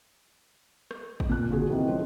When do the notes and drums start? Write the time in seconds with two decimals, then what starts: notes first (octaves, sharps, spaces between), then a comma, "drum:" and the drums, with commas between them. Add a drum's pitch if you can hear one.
0.91 drum: rim click
1.20 drum: kick
1.29 A#2 F#6
1.49 A#2 D3 F#4 G#4
1.69 C2 D#3 E3
1.88 F3 G#3 C#4